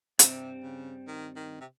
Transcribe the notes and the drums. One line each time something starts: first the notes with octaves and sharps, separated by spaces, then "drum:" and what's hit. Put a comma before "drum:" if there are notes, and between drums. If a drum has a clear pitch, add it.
G2 C3 G3 C4, drum: hi-hat
C#3
D#3
D#3
C3